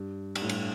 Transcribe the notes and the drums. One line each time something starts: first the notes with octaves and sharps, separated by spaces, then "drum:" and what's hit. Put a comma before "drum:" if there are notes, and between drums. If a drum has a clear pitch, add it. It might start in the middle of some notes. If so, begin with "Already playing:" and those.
Already playing: G2
G2, drum: cymbal
A2
G2, drum: cymbal